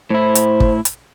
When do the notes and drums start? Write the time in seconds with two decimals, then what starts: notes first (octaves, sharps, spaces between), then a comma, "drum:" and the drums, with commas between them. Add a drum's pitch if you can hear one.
0.10 A2 E4 C5
0.35 drum: hi-hat
0.60 drum: kick
0.85 drum: hi-hat